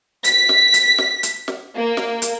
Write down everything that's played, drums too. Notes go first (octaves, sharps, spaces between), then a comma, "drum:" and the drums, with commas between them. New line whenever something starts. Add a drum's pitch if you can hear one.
B6, drum: hi-hat
drum: snare
drum: hi-hat
drum: snare
drum: hi-hat
drum: snare
A#3
drum: snare
drum: hi-hat